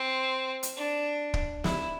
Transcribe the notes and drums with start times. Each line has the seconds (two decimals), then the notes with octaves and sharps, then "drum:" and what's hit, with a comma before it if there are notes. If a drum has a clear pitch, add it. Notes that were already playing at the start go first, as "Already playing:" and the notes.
Already playing: C4
0.63 drum: hi-hat
0.76 D4
1.34 drum: kick
1.64 E4, drum: snare